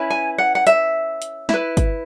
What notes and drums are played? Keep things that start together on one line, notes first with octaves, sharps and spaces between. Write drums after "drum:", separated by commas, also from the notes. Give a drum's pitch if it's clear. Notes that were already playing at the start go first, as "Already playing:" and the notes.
Already playing: C#4 E4 B4
G#5
F#5
F#5
E5, drum: hi-hat
drum: hi-hat
E4 B4, drum: snare
drum: kick G1, hi-hat